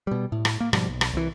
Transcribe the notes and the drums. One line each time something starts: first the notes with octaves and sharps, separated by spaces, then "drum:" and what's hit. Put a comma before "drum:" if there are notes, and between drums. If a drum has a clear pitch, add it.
B2 G3
A2
drum: rim click
A#3
G#2 B2 F3 G3, drum: rim click
B1
drum: rim click
C2 E3